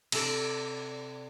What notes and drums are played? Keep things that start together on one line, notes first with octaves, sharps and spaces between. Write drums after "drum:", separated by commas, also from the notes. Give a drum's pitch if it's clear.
C3 A4 D5, drum: cymbal